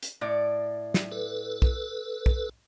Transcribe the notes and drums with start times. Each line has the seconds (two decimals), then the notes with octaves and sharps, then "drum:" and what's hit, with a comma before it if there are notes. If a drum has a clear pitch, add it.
0.03 drum: hi-hat
0.21 A2 D5
0.94 drum: snare
1.12 A4 B4
1.62 drum: kick
2.26 drum: kick